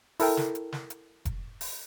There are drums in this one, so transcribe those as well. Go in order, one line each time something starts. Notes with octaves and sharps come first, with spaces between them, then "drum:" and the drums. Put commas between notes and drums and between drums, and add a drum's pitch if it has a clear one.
E4 A4 A#4 G5, drum: open hi-hat
drum: snare
drum: hi-hat
drum: snare
drum: hi-hat
drum: kick F1, hi-hat
drum: open hi-hat